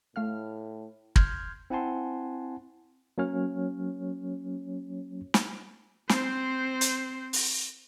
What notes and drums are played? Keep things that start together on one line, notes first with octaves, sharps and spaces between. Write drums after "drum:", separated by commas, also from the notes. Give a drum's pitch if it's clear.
A2 A3 F5 F6
C6 F6 G6 G#6, drum: kick
C4 E4 F#5 G#5 A5 C6
F#3 A#3 C#4 C#5 F6
drum: snare
C4 C5, drum: snare
drum: hi-hat
drum: open hi-hat